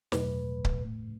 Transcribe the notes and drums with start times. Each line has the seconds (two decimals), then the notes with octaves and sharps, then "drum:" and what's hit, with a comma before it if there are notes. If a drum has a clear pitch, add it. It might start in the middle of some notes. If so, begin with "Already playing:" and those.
0.12 E2 B2 F#3 A3 B4, drum: snare
0.65 drum: kick C#1
0.82 A2 A3